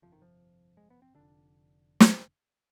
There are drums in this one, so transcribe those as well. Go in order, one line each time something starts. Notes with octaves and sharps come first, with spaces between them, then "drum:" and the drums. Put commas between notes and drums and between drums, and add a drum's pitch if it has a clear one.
G1 F2 C3 F3
D#3
F3
G#3
B3
C4
F1 D#2 D3 D4
drum: snare